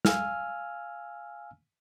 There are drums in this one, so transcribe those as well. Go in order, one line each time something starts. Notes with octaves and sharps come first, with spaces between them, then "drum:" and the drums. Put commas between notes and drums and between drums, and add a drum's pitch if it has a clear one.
F5 G#5 E6 F6, drum: snare